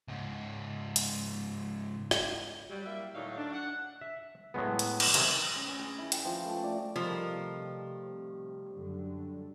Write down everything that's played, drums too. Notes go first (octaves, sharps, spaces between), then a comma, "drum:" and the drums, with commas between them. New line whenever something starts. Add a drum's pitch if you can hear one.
C#2 G#2
drum: hi-hat
drum: rim click
F#3 G3
G3 A#3 E4 E5
A2 D3 F#3 D#4 F5
D4
F#5
E5
A2 F#3 G#3 B3
drum: hi-hat
drum: cymbal
C3 D#3 G#5, drum: hi-hat
C#4
C#4
G#4
E4
G5, drum: hi-hat
F3
A3
D5
C3 D#3 F3 G3 A3
F#2 D3 F#3